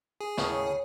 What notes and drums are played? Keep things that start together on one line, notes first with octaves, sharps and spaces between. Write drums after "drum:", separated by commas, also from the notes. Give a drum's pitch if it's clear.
G#4
D#2 A2 C#3, drum: snare
C#5